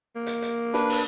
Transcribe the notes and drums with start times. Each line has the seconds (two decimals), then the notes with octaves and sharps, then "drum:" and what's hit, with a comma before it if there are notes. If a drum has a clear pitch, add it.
0.16 A#3
0.27 drum: hi-hat
0.42 drum: hi-hat
0.74 D4 B4, drum: snare
0.89 drum: open hi-hat